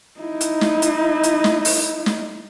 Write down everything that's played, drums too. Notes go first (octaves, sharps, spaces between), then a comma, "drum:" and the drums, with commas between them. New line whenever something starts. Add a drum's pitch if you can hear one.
D#4 E4
drum: hi-hat
drum: snare
drum: hi-hat
drum: hi-hat
drum: snare
drum: open hi-hat
drum: snare